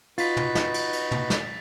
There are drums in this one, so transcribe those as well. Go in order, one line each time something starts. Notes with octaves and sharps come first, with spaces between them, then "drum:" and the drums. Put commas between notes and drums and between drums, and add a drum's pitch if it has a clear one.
D#4 F4 F#4 B4 A6 B6, drum: cymbal
drum: tom
drum: snare
drum: cymbal
drum: cymbal
drum: tom
drum: snare